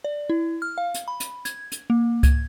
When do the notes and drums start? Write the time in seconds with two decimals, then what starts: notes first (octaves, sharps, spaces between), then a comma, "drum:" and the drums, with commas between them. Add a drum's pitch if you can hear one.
0.04 D5
0.30 E4
0.62 F6
0.78 F5
0.94 drum: hi-hat
1.08 B5
1.20 drum: hi-hat
1.45 G#6, drum: hi-hat
1.72 drum: hi-hat
1.90 A#3
2.23 G#6, drum: kick C#2, hi-hat